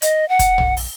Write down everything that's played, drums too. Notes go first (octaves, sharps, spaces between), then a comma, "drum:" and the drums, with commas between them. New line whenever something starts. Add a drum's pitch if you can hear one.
D#5, drum: hi-hat
F#5
drum: kick, hi-hat
drum: tom
drum: open hi-hat